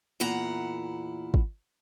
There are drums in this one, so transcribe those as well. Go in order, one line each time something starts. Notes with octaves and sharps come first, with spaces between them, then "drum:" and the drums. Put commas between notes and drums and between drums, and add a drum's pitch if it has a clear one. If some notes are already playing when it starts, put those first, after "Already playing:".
E2 A#2 E4 F#5 A#5
drum: kick